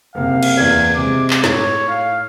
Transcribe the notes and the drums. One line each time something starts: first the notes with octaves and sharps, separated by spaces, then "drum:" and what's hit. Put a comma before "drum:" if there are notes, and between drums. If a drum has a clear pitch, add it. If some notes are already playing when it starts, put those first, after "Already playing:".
F#1 C3 F5
drum: cymbal
E2 A#3 D5 G#6
C3 G#3 D6
drum: clap
A2 C#5, drum: snare
F5